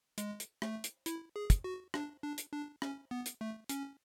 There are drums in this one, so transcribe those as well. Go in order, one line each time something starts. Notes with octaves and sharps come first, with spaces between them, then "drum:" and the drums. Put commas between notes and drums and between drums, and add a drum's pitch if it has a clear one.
G#3, drum: hi-hat
drum: hi-hat
A3, drum: rim click
drum: hi-hat
E4, drum: hi-hat
G#4
drum: kick, hi-hat
F#4
D4, drum: rim click
D4
drum: hi-hat
D4
C#4, drum: rim click
B3
drum: hi-hat
A3
C#4, drum: hi-hat